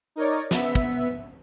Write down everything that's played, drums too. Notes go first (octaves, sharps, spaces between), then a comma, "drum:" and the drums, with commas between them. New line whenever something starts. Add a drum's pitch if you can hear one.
D#4 A#4 C#5 D5
B3 E5 B6, drum: snare
drum: kick